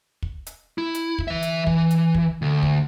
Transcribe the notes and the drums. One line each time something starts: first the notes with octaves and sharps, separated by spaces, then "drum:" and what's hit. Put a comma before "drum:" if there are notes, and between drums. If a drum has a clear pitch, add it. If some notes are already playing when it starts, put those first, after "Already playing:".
drum: kick
drum: hi-hat
E4
drum: hi-hat
drum: kick
E3 E5
drum: hi-hat
E3, drum: kick
drum: hi-hat
drum: kick
D2
drum: kick